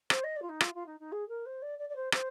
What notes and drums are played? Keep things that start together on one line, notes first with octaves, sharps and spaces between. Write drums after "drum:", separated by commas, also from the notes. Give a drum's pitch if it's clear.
C5, drum: rim click
D#5
D5
F4
D#4
F4, drum: rim click
F4
D#4
D#4
G#4
A#4
C5
D5
D5
D5
C5
C5, drum: rim click